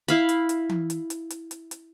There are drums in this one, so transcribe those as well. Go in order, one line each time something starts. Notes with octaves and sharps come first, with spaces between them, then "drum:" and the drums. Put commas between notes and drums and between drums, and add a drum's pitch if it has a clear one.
E4 F5 B5, drum: hi-hat
drum: hi-hat
drum: hi-hat
drum: tom E3
drum: hi-hat
drum: hi-hat
drum: hi-hat
drum: hi-hat
drum: hi-hat